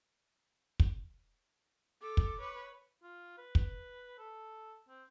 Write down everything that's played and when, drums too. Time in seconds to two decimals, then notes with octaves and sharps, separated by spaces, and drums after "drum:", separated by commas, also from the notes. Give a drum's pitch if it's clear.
0.80 drum: kick
2.01 A4 D6
2.17 drum: kick
2.39 B4 C#5
3.03 F4
3.38 B4
3.55 drum: kick
4.19 A4
4.89 C4